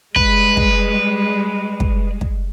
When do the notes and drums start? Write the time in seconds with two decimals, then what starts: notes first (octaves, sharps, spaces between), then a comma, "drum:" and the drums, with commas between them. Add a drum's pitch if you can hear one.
0.16 G3 G#3 B4, drum: kick
0.57 drum: kick
1.80 drum: kick
2.21 drum: kick